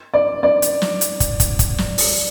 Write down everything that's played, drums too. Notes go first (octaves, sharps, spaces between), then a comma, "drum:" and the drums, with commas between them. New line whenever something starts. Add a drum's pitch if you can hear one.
D5
D5
drum: hi-hat
drum: snare
drum: hi-hat
drum: kick, hi-hat
drum: kick, hi-hat
drum: kick, hi-hat
drum: snare
drum: open hi-hat